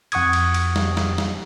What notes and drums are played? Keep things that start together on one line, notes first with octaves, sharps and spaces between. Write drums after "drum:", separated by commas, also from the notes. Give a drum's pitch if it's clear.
F2 F#5 C#6 D#6 G#6, drum: cymbal
drum: cymbal
drum: cymbal
drum: snare
drum: snare
drum: snare